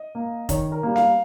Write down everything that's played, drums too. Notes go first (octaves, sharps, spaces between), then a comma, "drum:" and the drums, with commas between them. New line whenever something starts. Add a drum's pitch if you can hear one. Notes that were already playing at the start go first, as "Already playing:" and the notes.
Already playing: D#5
A#3
D#3 C#5, drum: kick F1, hi-hat
A#4
G3 A#3
F5, drum: snare B3